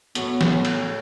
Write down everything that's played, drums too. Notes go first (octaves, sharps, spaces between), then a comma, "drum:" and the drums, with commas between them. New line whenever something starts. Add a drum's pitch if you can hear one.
A2 F#3 B3 F#4, drum: hi-hat
drum: snare
drum: cymbal